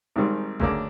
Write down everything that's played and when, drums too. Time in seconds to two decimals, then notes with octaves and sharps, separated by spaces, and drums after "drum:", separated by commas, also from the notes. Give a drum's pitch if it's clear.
0.16 G#1 G#2 D#3 G3 C4
0.60 D2 C#3 F#3 A#3 D4, drum: kick F#1